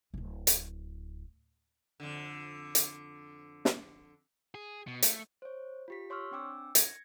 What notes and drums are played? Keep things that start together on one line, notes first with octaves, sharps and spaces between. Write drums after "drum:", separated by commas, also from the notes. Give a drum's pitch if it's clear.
D1 G#1
drum: hi-hat
F2 D3
drum: hi-hat
drum: snare
G#4
B2
A3, drum: hi-hat
C5 C#5
F4 G4 B6
C#5 C6 C#6 E6 F6
C4 D4 G5 D6 E6
G#6 A#6 C#7, drum: hi-hat